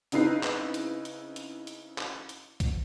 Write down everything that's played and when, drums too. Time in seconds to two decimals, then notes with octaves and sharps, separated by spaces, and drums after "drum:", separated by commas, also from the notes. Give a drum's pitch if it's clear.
0.12 C#3 C4 D#4 E4 B4 C7, drum: hi-hat
0.43 drum: clap
0.74 drum: hi-hat
1.05 drum: hi-hat
1.36 drum: hi-hat
1.67 drum: hi-hat
1.98 drum: clap
2.29 drum: hi-hat
2.60 drum: kick A#1, hi-hat